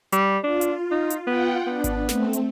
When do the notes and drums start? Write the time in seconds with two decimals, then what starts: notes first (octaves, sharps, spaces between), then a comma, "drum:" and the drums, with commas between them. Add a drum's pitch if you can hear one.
0.12 G3, drum: hi-hat
0.43 D4 F4
0.61 drum: hi-hat
0.91 D#4
1.10 drum: hi-hat
1.27 B3 F4 F#5 G5
1.67 B3 D4
1.84 drum: kick G#1, hi-hat
2.09 A3 C4, drum: snare
2.33 drum: hi-hat